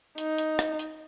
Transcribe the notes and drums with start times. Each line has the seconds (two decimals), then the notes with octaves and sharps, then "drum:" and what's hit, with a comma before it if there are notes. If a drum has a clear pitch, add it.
0.18 D#4, drum: hi-hat
0.38 drum: hi-hat
0.59 drum: rim click
0.79 drum: hi-hat